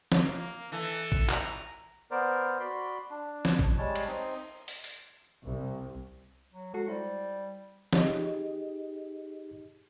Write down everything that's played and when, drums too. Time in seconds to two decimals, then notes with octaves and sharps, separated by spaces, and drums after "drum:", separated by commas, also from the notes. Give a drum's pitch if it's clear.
0.12 drum: snare
0.25 A#3
0.72 E3 A4
1.12 drum: kick
1.29 A#5, drum: clap
2.11 B3 A#4 C5 D5
2.60 F#4 D5 B5 C6
3.10 D4
3.45 drum: snare
3.59 drum: kick
3.78 G3 G#3 C#5 A5
3.95 drum: cymbal
4.08 C4 D#4
4.68 drum: open hi-hat
4.84 drum: open hi-hat
5.44 C2
6.53 F#3
6.74 G#3 F#4 A4 C7
6.88 G3 E4 C5
7.93 D#4 G4 G#4 D#5, drum: snare